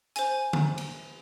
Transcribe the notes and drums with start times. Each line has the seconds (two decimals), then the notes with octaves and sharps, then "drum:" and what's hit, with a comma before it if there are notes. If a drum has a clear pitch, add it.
0.16 C5 G#5, drum: hi-hat
0.53 drum: tom
0.78 drum: cymbal